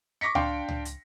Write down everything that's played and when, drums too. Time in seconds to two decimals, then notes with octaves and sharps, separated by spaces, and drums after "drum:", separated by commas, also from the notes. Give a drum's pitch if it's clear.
0.21 C#6 D6 A#6 B6 C#7
0.35 D4 F5 G5 C6, drum: tom C#2
0.69 drum: tom C#2
0.85 drum: hi-hat